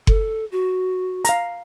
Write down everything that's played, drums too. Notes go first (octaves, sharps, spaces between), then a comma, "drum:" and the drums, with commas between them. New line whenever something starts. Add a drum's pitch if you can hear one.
A4, drum: kick F#1
F#4
F5 A#5, drum: hi-hat